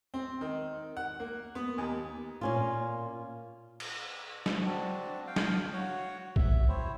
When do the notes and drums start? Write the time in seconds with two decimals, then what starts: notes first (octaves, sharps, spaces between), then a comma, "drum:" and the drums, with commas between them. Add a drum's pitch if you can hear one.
0.14 C4
0.41 D#3
0.97 F#5
1.20 A#3
1.55 B3
1.78 D#2
2.41 A#2 C#4 F4
3.80 drum: cymbal
4.46 drum: snare
4.66 C4 D4 F#4 A5
5.27 F5 G5
5.36 drum: snare
5.73 F#4 C#5 F#5
6.36 E5, drum: kick A#1
6.69 C4 E4 C5 C#5